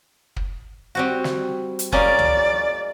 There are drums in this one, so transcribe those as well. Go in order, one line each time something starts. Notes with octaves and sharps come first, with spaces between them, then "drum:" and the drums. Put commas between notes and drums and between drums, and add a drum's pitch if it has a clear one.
drum: kick
G3 C4 F#4
drum: snare
drum: hi-hat
G#3 A#3 C#4 D5, drum: kick
drum: tom